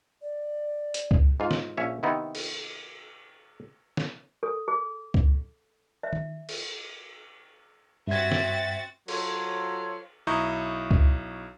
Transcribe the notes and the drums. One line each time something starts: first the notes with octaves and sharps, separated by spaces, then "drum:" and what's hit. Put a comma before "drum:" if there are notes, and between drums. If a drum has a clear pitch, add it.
D5
drum: hi-hat
drum: kick C#2
G#2 F4
drum: snare
A#1 C#4 C#5 E5
C3 D#3 B3 D#4 E4
drum: cymbal
drum: snare
A4
G#4
drum: kick C#2
E5
drum: tom D#3
drum: cymbal
G2 C4 F#4 E5 G#6 A6
drum: snare
F#3 F4 A4 C5 C#5, drum: cymbal
B1 E4 A#5 C#6 D#6 G6
drum: kick C#2